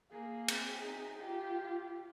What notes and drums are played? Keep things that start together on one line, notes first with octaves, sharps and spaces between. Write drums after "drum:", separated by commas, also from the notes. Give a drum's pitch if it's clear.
A#3 G#4
C4, drum: cymbal
D#4
F4 G4